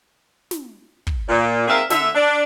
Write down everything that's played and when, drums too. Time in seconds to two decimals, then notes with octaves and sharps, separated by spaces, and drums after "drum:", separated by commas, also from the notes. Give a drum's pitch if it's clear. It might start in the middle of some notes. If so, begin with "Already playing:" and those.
0.51 drum: snare
1.07 drum: kick
1.29 A#2
1.68 G#2 C4 G#4 A#4 E5 F5
1.90 D3 E5, drum: snare
2.15 D4